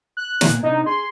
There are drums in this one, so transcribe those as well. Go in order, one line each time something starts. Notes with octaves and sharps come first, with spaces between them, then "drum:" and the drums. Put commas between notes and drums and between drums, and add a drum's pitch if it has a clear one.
F#6
A#2 A#3 B3, drum: snare
C3 D4 D#4 D#5
G#4 C6